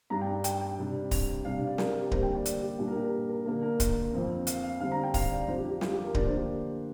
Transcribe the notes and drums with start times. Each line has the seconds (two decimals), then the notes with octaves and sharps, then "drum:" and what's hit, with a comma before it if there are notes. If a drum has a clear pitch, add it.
0.10 G2 G3 D4 A#5
0.21 G5
0.44 G5, drum: hi-hat
0.61 G5
0.78 C3 G3 D4
1.11 drum: kick D1, open hi-hat
1.45 C3 G3 D4 F5
1.56 F5
1.67 D5
1.78 A#4, drum: snare
1.95 G4
2.12 D3 G3 A#3 C5, drum: kick D1
2.23 G5
2.35 D5
2.45 drum: hi-hat
2.62 G4
2.79 A#2 G3 D4 G4
2.88 A#4
2.96 G4
3.04 A#4
3.29 A#4
3.46 D3 A#3 D4 A#4
3.63 A#4
3.80 drum: kick D1, hi-hat
4.13 F2 F3 C4
4.47 F5, drum: hi-hat
4.64 F5
4.80 D3 G3 C4 F5
4.92 A#5
5.03 G5
5.14 F5, drum: kick D1, open hi-hat
5.31 D5
5.48 F2 F3 D4 C5
5.58 G4
5.69 G4
5.81 F4, drum: snare
5.92 G4
6.03 A#4
6.15 D3 F3 A#3 D4 D5, drum: kick D1
6.25 C5
6.37 G4